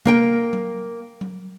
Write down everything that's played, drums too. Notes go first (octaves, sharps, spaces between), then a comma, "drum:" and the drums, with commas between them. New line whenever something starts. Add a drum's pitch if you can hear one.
A#3 A#4 G5, drum: tom C3
drum: tom F#3
drum: tom F#3